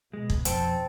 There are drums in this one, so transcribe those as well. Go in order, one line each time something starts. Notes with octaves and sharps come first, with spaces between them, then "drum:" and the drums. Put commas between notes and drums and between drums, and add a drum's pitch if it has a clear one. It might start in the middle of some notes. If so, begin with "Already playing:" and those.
B2 G#3
drum: kick
F2 C4 A4, drum: hi-hat